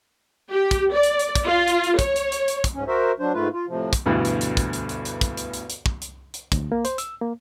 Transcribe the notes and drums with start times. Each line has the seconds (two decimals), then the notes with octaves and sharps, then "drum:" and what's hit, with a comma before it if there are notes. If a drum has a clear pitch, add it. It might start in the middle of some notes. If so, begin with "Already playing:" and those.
0.51 G4
0.71 drum: kick, hi-hat
0.94 D5
1.03 drum: hi-hat
1.19 drum: hi-hat
1.35 drum: kick, hi-hat
1.47 F4
1.68 drum: hi-hat
1.84 drum: hi-hat
1.99 C#5, drum: kick, hi-hat
2.16 drum: hi-hat
2.32 drum: hi-hat
2.48 drum: hi-hat
2.64 drum: kick, hi-hat
2.74 G#2 C#4
2.87 F#4 A#4 C5 E5
3.20 F#3 D4 C5
3.34 G#2 A3 F4 B4
3.53 F4
3.68 A2 C3 F3
3.93 drum: kick, hi-hat
4.06 D2 G2 B2 D3 E3
4.25 drum: hi-hat
4.41 drum: hi-hat
4.57 drum: kick, hi-hat
4.73 drum: hi-hat
4.89 drum: hi-hat
5.05 drum: hi-hat
5.21 drum: kick, hi-hat
5.37 drum: hi-hat
5.54 drum: hi-hat
5.70 drum: hi-hat
5.86 drum: kick
6.02 drum: hi-hat
6.34 drum: hi-hat
6.52 D2, drum: kick, hi-hat
6.72 A#3
6.85 C5, drum: hi-hat
6.98 E6, drum: hi-hat
7.21 A#3